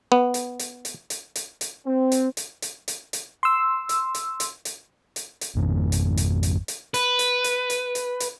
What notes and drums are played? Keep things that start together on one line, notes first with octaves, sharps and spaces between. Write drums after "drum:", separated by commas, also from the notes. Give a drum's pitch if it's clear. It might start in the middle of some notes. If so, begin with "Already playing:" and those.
B3
drum: hi-hat
drum: hi-hat
drum: hi-hat
drum: hi-hat
drum: hi-hat
drum: hi-hat
C4
drum: hi-hat
drum: hi-hat
drum: hi-hat
drum: hi-hat
drum: hi-hat
C6 E6
drum: hi-hat
drum: hi-hat
drum: hi-hat
drum: hi-hat
drum: hi-hat
drum: hi-hat
G#1 F2 D#3
drum: hi-hat
drum: hi-hat
drum: hi-hat
drum: hi-hat
B4, drum: hi-hat
drum: hi-hat
drum: hi-hat
drum: hi-hat
drum: hi-hat
drum: hi-hat